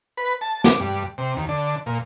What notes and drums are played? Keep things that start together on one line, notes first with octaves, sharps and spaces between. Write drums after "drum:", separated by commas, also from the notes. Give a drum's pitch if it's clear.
B4
A5
D6, drum: snare
G2
C3
D#2
D3
A#2